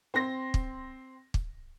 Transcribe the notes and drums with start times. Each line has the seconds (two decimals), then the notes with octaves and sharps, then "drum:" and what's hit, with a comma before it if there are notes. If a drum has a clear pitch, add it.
0.14 C4 C6 A#6
0.54 drum: kick
1.34 drum: kick